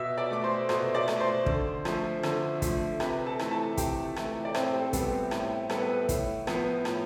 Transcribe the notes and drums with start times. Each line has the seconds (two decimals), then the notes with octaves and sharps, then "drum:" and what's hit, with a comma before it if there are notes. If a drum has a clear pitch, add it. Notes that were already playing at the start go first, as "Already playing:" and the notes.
Already playing: B2 E5 E6
0.18 D5 D6
0.31 A3 D6
0.44 C5 C6
0.69 B2 C5 C6, drum: rim click
0.94 D5 D6
1.08 A3, drum: rim click
1.20 C5 C6
1.46 D3, drum: kick
1.85 F3 A3, drum: rim click
2.23 D3, drum: rim click
2.62 F3 A3, drum: kick, hi-hat
3.00 C3 B4 B5, drum: rim click
3.26 A4 A5
3.39 E3 A3, drum: rim click
3.51 A4 A5
3.77 C3 G4 G5, drum: kick, hi-hat
4.16 E3 A3, drum: rim click
4.45 D5
4.54 A2 C4 C5, drum: rim click
4.73 G4
4.80 A4
4.93 G3 B3, drum: kick, hi-hat
5.06 G4
5.31 A2 G4, drum: rim click
5.70 G3 B3 A4, drum: rim click
5.80 B4
5.88 A4
6.09 A2, drum: kick, hi-hat
6.47 F3 B3, drum: rim click
6.85 A2, drum: rim click